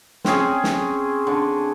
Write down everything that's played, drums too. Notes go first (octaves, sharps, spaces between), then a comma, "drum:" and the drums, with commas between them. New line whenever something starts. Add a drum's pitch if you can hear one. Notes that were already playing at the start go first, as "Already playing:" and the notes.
C4 C#4 G#4, drum: snare
drum: snare
D3